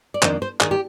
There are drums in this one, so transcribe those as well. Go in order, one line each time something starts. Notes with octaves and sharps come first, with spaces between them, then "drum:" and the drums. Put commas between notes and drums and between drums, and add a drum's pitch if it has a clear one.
D5
F2 D#3 A#3 D4 C5, drum: clap
C5
D#3 A#3 D4 G#4, drum: clap
G4